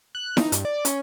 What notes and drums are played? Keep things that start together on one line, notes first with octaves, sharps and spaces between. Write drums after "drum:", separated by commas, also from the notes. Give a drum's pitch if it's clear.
F#6
D#4, drum: snare E4
G2, drum: hi-hat
D5
C#4, drum: hi-hat